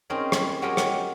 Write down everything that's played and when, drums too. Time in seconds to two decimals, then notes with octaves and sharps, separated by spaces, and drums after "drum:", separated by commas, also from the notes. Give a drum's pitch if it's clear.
0.10 C4 C#4 D#4 G#4 A#4
0.32 drum: rim click
0.62 F#3 G#3 G4 A#4 C#5 D#5
0.77 drum: rim click